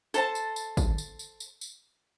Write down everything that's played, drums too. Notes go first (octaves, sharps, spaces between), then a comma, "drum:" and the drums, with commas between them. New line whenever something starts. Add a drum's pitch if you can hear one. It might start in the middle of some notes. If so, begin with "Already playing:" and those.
A4 C5 A5, drum: tambourine
drum: tambourine
drum: tambourine
drum: kick, tambourine
drum: tambourine
drum: tambourine
drum: tambourine
drum: tambourine